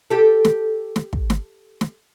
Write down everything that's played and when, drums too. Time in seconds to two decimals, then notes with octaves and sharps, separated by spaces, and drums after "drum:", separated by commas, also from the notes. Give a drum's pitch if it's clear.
0.10 G4 A4
0.45 drum: snare
0.96 drum: snare
1.13 drum: kick
1.30 drum: snare
1.81 drum: snare